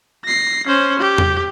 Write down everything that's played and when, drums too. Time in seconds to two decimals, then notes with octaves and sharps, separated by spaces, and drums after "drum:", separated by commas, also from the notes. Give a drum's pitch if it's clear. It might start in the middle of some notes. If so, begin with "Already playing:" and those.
0.25 A#6 C7
0.67 C#4 C5
0.99 G4
1.18 drum: tom E2